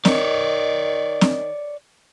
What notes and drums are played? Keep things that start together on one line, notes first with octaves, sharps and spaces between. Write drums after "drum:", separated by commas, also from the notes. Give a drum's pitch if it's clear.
D#3 C#5 D5, drum: snare C4
drum: snare C4